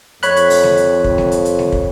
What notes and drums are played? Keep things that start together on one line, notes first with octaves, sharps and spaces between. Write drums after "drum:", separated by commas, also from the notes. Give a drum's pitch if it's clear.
F2 C#5 B5 F#6, drum: hi-hat
drum: hi-hat
drum: open hi-hat
drum: snare G#3
drum: hi-hat
drum: kick
drum: snare G#3
drum: hi-hat
drum: hi-hat
drum: snare G#3
drum: kick